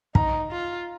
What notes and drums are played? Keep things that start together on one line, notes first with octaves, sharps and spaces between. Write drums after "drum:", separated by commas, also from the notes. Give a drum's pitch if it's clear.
D#4 A#5, drum: kick
F4